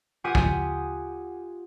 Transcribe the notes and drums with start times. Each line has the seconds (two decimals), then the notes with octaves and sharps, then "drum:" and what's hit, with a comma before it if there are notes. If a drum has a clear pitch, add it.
0.24 F4 G4 F#5 G#5 D#6 B6
0.35 drum: kick